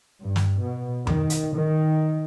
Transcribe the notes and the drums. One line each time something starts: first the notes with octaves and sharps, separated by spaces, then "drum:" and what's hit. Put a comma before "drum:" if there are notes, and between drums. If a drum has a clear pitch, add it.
G2
drum: snare
B2
D#3, drum: tom F2
drum: hi-hat
D#3